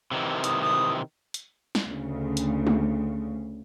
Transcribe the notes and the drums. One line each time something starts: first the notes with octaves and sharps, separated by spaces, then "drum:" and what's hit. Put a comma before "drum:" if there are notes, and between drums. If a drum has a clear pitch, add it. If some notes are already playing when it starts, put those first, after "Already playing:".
C3 D#3 E3
D#6, drum: hi-hat
D#6
drum: hi-hat
drum: snare
D2 C#3
drum: hi-hat
drum: tom G#3